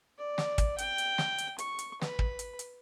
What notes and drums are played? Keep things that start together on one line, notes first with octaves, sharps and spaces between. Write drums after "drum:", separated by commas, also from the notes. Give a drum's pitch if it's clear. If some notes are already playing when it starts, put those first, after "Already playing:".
D5
drum: snare
drum: kick, hi-hat
G5, drum: hi-hat
drum: hi-hat
drum: snare
drum: hi-hat
C#6, drum: hi-hat
drum: hi-hat
B4 B5, drum: snare
drum: kick
drum: hi-hat
drum: hi-hat